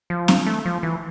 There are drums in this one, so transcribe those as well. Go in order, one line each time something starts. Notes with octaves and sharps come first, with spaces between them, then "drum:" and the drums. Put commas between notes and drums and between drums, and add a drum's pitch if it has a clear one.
F3
drum: snare C4
A3
F3
E3